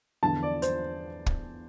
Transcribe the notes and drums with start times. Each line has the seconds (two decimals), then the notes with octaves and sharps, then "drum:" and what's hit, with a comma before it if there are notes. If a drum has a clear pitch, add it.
0.23 E2 D3 F3 A5
0.43 D5
0.62 C5, drum: hi-hat
1.26 drum: kick